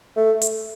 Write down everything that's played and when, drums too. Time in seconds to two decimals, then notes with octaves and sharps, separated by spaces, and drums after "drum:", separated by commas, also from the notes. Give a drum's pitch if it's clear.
0.17 A3
0.42 drum: hi-hat